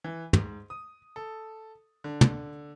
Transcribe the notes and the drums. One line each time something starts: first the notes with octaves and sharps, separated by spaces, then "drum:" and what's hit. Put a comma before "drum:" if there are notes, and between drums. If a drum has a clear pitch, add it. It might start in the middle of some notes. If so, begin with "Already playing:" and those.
E3
G#2, drum: tom
D#6
A4
D3
drum: tom